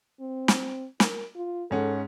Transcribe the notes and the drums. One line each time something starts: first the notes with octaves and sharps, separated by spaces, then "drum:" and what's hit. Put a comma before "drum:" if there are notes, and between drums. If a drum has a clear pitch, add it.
C4
drum: snare
A#4, drum: snare
F4
G#2 C#4 A4 F#5